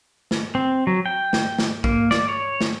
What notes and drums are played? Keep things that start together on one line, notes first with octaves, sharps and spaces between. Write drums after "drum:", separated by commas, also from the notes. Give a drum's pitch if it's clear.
drum: snare
C4
F#3
G5
drum: snare
drum: snare
A#3, drum: kick
D5, drum: snare
C#5
drum: snare